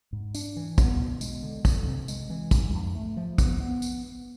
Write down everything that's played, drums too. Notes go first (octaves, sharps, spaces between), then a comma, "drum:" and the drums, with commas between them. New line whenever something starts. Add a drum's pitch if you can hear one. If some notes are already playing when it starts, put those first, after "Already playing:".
G#2
D4, drum: tambourine
E3
B3, drum: kick, tambourine
B2
G#3, drum: tambourine
D3
D3, drum: kick, tambourine
C3
G#3, drum: tambourine
E3
G#2, drum: kick, tambourine
F2
A3
F3
B3, drum: kick, tambourine
B3
drum: tambourine